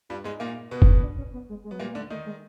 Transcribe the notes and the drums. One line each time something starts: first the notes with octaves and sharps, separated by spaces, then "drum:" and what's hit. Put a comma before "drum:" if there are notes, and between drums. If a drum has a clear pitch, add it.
G2 G3 F4
G#2 G#3 D#4
A#2 A#3
B2 B3
drum: kick F1
D4
C#4
B3
G#3
G#3
F#3 B3
A#2 G3 A#3
A#3
D3 A3 D4
D#3 A3 D#4
G#3